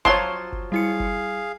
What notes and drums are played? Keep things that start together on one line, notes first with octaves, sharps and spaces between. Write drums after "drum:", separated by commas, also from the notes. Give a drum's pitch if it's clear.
F3 F#3 F4 C#5 C6, drum: kick F#1
drum: kick F#1
G3 E4 G#4 F5 C#7
drum: kick F#1